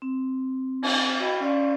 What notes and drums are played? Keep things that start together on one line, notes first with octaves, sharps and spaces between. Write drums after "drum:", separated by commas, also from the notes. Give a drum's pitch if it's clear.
C4
drum: cymbal
F#4 D#5 G5 B5
C#4 D5 F5 C6